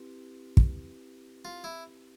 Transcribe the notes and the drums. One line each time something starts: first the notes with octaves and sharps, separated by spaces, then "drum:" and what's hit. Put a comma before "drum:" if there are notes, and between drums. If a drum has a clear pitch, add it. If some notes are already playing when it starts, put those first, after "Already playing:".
Already playing: C4 E4 G4 B4
drum: kick
F4
E4